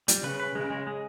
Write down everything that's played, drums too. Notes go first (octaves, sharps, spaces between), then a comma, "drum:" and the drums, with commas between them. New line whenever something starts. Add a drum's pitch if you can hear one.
G3, drum: hi-hat
C#3 B4
B4
C#3 G#3
G#3
G#3